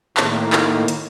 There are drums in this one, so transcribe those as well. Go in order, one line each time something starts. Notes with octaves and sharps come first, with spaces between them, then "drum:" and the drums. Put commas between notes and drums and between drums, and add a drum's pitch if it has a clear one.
A2 D#3 A#3, drum: clap
drum: clap
drum: hi-hat